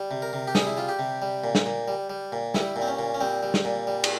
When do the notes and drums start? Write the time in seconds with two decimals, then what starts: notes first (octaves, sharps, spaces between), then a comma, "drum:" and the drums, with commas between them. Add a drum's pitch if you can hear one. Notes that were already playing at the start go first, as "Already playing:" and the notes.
Already playing: G3
0.11 C3
0.22 A#4
0.33 C3
0.48 G4
0.55 G3 G#4, drum: snare
0.67 E4
0.77 G3 F4
0.89 G4
0.99 C3
1.22 G3
1.44 A#2
1.55 drum: snare
1.66 A#2
1.88 G3
2.10 G3
2.32 A#2
2.54 G3 E4, drum: snare
2.76 A#2
2.81 C4
2.88 C#4
2.99 A#2
3.14 C#4
3.20 G3 C4
3.43 G3
3.54 drum: snare
3.65 A#2
3.87 G3
4.04 drum: cymbal